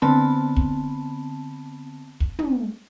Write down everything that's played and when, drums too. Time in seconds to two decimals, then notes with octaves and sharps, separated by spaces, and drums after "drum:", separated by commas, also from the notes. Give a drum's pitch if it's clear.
0.02 D3 B3 C4 A5 B5
0.56 drum: kick
2.20 drum: kick
2.39 drum: tom